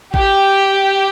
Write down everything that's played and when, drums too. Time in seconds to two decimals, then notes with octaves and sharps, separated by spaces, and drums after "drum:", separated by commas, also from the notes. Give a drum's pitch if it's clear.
0.14 G4, drum: kick G#1